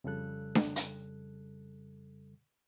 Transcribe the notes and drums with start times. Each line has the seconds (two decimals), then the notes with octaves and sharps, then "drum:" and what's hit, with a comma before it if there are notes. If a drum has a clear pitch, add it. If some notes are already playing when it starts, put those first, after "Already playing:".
0.04 F2 C#3 G3 A4 F#6
0.55 drum: snare D4
0.76 drum: hi-hat